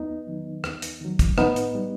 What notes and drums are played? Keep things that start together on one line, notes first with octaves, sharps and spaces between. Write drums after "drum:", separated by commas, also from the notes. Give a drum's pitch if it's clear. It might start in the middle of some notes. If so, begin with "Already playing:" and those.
Already playing: E2 B3 D#4
D#3 F#3
E2, drum: rim click
drum: hi-hat
D#3 F#3
drum: kick, hi-hat
A2 B3 D#4, drum: rim click
drum: hi-hat
G3